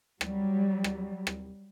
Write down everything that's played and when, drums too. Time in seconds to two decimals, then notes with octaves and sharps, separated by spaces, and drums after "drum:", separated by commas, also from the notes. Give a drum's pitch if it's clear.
0.21 F#3 G3, drum: rim click
0.84 drum: rim click
1.27 drum: rim click